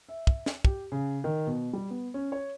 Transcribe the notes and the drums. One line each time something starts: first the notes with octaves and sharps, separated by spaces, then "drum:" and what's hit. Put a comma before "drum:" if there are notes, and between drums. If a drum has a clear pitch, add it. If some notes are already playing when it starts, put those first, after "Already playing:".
E5
drum: kick
drum: snare
G4, drum: kick
C#3
D#3
B2
G3
B3
C#4
C#5